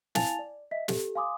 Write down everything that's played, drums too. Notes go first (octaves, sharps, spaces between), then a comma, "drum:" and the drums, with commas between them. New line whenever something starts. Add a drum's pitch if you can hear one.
E4 F5 G#5 A5 A6 F7, drum: snare
D5
D#5 E5 B6
G4 A4, drum: snare
F5 G#5 C6 D6 D#6